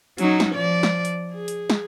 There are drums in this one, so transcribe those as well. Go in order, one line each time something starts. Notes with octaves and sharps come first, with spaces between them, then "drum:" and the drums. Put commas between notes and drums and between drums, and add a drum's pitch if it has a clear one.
F#3 C#4 D#4, drum: hi-hat
drum: snare
F3 D5
drum: snare
drum: hi-hat
G#4
drum: hi-hat
drum: snare